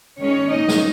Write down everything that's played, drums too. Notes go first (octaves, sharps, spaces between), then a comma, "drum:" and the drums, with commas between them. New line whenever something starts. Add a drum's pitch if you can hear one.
D#3 G#3 C#4 D#4 C#5
A#2 A#3 C#4 D#4 D#5
drum: snare